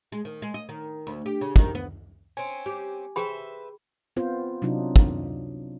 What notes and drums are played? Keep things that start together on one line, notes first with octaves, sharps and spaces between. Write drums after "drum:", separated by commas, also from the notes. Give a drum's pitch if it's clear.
G#3
D#3
G#3
D#5
D#3
D2
G4
C#3
D#3, drum: kick
B3
C4 C#4 G#5
G4
G#4 B4 C5 E5 G5 B5
B3 C4 F4 C5
C3 F#3 D4 D#4 F4
drum: kick